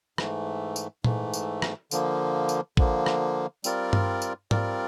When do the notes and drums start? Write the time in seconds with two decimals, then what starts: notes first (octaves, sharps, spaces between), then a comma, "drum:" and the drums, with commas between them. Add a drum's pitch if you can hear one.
0.18 G#2 E3 A3, drum: rim click
0.76 drum: tambourine
1.04 G#2 E3 A3, drum: tom A#2
1.34 drum: tambourine
1.62 drum: rim click
1.91 D3 F3 A#3, drum: tambourine
2.49 drum: tambourine
2.77 D3 F3 A#3, drum: kick
3.06 drum: rim click
3.64 G3 C4 F4 A#4 D5, drum: tambourine
3.93 drum: tom G2
4.22 drum: tambourine
4.51 G3 C4 F4 A#4 D5, drum: tom G#2